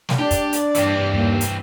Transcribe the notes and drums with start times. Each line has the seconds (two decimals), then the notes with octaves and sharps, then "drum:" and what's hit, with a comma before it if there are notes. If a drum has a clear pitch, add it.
0.09 drum: snare
0.19 D4 G4 D5
0.31 drum: kick, hi-hat
0.53 drum: hi-hat
0.75 G2 E3 C4, drum: hi-hat
1.13 D#2
1.41 drum: hi-hat